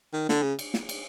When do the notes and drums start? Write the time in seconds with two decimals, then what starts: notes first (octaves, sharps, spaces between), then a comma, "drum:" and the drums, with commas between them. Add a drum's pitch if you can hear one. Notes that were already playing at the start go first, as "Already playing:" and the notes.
0.14 D#3
0.29 D3, drum: snare
0.43 C#3
0.59 drum: cymbal
0.74 drum: snare
0.89 drum: cymbal